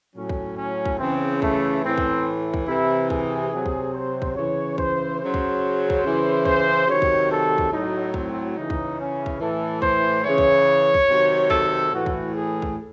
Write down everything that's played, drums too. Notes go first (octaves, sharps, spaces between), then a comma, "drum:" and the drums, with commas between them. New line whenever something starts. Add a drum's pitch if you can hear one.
A2 F#3 C#4
drum: kick
C#4
drum: kick
C#3 E3 C4
A3, drum: kick
A2 E3 C4
drum: kick
drum: kick
C3 E3 E4
G#4, drum: kick
C3 F#3
drum: kick
C5
drum: kick
C#3 E3 C#5
C5, drum: kick
C#3 F#3 C5
drum: kick
drum: kick
C#3 E3
C5, drum: kick
C3 D#3 F#3 C#5
drum: kick
A4
drum: kick
A2 F#3 D#4
C4, drum: kick
C#3 E3 D#4
drum: kick
C#4
drum: kick
A2 E3 A4
C5, drum: kick
C#3 E3 C#5
drum: kick
drum: kick
C3 D#3 F#3
A4, drum: kick
A2 E3 F#4
drum: kick
G#4
drum: kick